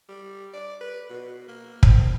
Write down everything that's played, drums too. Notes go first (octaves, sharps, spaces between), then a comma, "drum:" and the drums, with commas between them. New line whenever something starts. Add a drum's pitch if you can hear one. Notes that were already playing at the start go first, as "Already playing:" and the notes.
G3
D5
B4
B2
A#3
C4, drum: kick